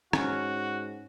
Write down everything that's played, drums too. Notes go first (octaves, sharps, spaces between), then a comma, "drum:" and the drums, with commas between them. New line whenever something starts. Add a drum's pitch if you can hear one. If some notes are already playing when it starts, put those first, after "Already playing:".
G#2 C#4 F#4, drum: rim click